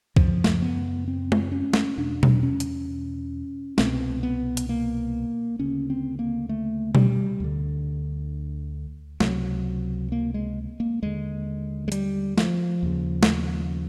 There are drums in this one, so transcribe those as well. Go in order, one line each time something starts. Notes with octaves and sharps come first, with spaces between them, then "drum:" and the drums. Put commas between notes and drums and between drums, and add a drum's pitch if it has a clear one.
F#2 C#3 F3, drum: kick
drum: snare
B3
C4
drum: tom G#3
C#4
drum: snare
E2 B2 D4
drum: tom B2
C#4
drum: hi-hat
C2 B2 C4, drum: snare
B3
drum: hi-hat
A#3
D2 C#3 C#4
C4
A#3
A3
G3, drum: tom B2
D2 D3
C#2 C3 F#3, drum: snare
A#3
G#3
A#3
D#2 D3 G#3
G#3
G3, drum: hi-hat
F3, drum: snare
D#2 C#3
drum: snare